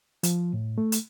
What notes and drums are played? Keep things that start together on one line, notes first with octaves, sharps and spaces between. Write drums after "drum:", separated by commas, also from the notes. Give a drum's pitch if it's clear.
F3, drum: hi-hat
A2
A3
drum: hi-hat